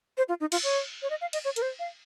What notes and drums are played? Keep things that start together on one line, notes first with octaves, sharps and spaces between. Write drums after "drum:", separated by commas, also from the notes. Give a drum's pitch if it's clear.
C5
F4
D#4
F4, drum: cymbal
C#5
C#5
D#5
F5
D#5, drum: cymbal
C#5
A#4, drum: hi-hat
C5
F5